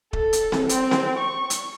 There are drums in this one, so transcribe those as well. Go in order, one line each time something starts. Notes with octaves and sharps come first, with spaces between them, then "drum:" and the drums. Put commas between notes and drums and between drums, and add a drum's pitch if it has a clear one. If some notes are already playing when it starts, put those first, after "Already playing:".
A4, drum: kick D#1
drum: hi-hat
drum: snare C4
C4, drum: hi-hat
drum: snare C4
C#6
drum: hi-hat